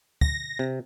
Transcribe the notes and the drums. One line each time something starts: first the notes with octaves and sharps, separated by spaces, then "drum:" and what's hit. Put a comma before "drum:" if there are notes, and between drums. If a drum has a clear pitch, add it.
A#6, drum: kick
C3